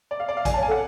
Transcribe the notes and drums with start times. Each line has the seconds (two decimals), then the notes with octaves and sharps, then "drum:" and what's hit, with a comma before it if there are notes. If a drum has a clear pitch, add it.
0.11 D5
0.20 F5
0.29 D5
0.37 F5
0.45 D5 G#5, drum: kick A#1, hi-hat
0.54 C#5 A5
0.63 G#5
0.68 A4
0.71 F#5